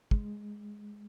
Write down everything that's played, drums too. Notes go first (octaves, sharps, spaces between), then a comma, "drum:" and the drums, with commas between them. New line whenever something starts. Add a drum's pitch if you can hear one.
G#3, drum: kick